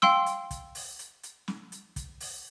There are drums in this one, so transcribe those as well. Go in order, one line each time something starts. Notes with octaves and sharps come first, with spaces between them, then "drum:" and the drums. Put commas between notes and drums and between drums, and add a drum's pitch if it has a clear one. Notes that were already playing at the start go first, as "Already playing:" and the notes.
F5 G5 C6 E6, drum: snare
drum: hi-hat
drum: kick, hi-hat
drum: open hi-hat
drum: hi-hat
drum: hi-hat
drum: snare
drum: hi-hat
drum: kick, hi-hat
drum: open hi-hat